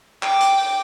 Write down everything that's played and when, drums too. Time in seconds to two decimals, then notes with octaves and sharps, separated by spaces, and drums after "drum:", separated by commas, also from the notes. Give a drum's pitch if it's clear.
0.23 G5 D6, drum: clap
0.40 drum: hi-hat
0.58 drum: open hi-hat